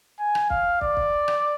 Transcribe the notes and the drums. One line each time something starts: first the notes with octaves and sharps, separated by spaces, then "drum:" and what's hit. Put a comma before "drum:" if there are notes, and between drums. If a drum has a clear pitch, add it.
G#5
drum: rim click
F5, drum: kick
D5, drum: kick
drum: kick
drum: rim click